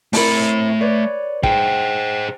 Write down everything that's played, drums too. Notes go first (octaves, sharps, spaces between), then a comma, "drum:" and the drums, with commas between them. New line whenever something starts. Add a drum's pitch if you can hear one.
A3 C4 E4 A#4 B5, drum: open hi-hat
B4 C#5 D5
G#4 C5 G5, drum: kick